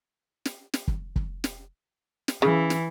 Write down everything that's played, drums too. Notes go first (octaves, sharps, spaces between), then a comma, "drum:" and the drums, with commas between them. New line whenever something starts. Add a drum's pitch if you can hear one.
drum: snare
drum: snare
drum: kick
drum: kick
drum: snare
drum: snare
C#3 E3
drum: snare